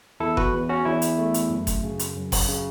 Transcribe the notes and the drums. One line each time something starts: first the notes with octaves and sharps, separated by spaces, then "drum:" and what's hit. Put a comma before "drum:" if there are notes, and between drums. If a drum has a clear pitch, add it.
E2 E4 A4
F#4 B4, drum: kick F#1
E2
C#4 F#4
E2 E4
drum: hi-hat
A3
drum: hi-hat
F#2
drum: kick F#1, hi-hat
C#3
drum: hi-hat
F#2
drum: kick F#1, open hi-hat
C#3